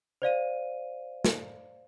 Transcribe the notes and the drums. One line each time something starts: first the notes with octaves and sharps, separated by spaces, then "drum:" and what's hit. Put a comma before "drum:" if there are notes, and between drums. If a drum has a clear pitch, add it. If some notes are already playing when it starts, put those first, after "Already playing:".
C5 D5 F5 D#7
drum: snare